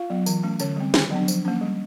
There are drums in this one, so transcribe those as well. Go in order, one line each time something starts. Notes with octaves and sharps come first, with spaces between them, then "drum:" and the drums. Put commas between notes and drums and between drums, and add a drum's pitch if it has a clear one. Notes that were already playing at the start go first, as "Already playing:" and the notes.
Already playing: F4 F5
F#3 B3
E3, drum: tambourine
A3 C#4
D3 C#4 C#5, drum: tambourine
G3 C4
D#3, drum: snare
F#3 B3 D4
F3, drum: tambourine
A#3 C#4
G3